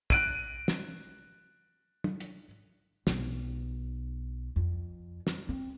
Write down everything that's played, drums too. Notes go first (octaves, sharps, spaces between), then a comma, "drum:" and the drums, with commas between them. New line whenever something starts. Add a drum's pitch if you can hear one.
F#6 D7 D#7, drum: kick
drum: snare
drum: tom
drum: hi-hat
B1, drum: snare
F2
drum: snare
C4